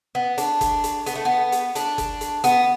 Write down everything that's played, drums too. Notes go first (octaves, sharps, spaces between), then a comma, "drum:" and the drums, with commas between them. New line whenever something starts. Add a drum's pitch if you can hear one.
B3
D4, drum: hi-hat
drum: kick F#1, hi-hat
drum: hi-hat
B3, drum: hi-hat
A3
B3
drum: hi-hat
D4, drum: hi-hat
drum: kick F#1, hi-hat
drum: hi-hat
B3, drum: hi-hat